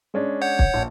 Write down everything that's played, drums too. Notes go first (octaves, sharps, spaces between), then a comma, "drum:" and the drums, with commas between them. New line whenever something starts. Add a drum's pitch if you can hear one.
G#3 C#4 D4
C#5 F#5 G6
drum: kick
A#1